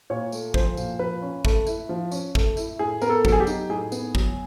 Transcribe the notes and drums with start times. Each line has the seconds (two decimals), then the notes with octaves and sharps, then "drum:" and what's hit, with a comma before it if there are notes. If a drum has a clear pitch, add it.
0.10 A#2 C#5
0.32 A3, drum: tambourine
0.54 F3 C5, drum: kick
0.77 A#2, drum: tambourine
0.99 F3 B4
1.22 C#4
1.45 A3, drum: kick
1.67 E4, drum: tambourine
1.89 F3
2.11 C#4, drum: tambourine
2.35 A3, drum: kick
2.57 E4, drum: tambourine
2.79 A2 G#4
3.02 B3 A#4, drum: tambourine
3.09 A4
3.25 F#3 A4, drum: kick
3.32 G#4
3.40 G4
3.47 D#4, drum: tambourine
3.70 A2 G#4
3.92 B3, drum: tambourine
4.15 F#3, drum: kick